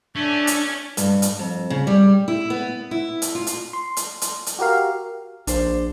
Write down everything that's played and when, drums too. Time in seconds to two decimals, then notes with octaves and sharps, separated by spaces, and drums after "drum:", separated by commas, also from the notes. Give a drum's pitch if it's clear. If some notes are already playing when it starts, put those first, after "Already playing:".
0.16 A3 C#4 D4
0.47 drum: hi-hat
0.97 G2, drum: hi-hat
1.22 drum: hi-hat
1.39 F2
1.70 C#3
1.87 G3
2.28 E4
2.50 B3
2.91 E4
3.22 drum: hi-hat
3.35 F4
3.47 drum: hi-hat
3.73 C6
3.97 drum: hi-hat
4.22 drum: hi-hat
4.46 drum: hi-hat
4.59 F#4 G4 A#4 F5
5.47 A#1 D4 C5, drum: hi-hat